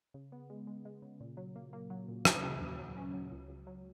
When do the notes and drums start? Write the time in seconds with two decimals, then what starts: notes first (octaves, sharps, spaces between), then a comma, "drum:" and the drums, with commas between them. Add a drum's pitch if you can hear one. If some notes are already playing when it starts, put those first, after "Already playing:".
0.14 C#3
0.32 B3
0.50 G#3
0.67 G#3
0.85 G#3
1.02 C#3
1.20 A#2
1.37 F#3
1.56 A#3
1.73 A#3
1.90 F#3
2.08 A#2
2.25 C#4, drum: rim click
2.44 C#3
2.61 D#2
2.79 F#3
2.97 C#4
3.13 F#3
3.31 C#2
3.48 C#2
3.67 F#3